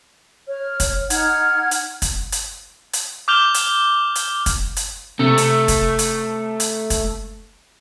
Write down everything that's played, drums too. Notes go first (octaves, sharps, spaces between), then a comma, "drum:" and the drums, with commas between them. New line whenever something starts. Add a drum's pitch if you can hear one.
C#5 F6
drum: kick, hi-hat
D#4 F#5 F6 G#6, drum: hi-hat
drum: hi-hat
drum: kick, hi-hat
drum: hi-hat
drum: hi-hat
D6 F6 G6 F7 G7
drum: hi-hat
drum: hi-hat
drum: kick, hi-hat
drum: hi-hat
C3 A3
drum: hi-hat
drum: kick, hi-hat
drum: hi-hat
drum: hi-hat
drum: kick, hi-hat